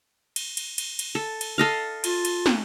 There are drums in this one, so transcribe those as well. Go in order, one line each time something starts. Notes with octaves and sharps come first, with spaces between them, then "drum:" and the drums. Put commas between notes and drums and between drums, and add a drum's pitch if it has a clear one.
drum: cymbal
drum: cymbal
drum: cymbal
drum: cymbal
A4
drum: cymbal
A4 D#5 F5
F4, drum: cymbal
drum: cymbal
drum: snare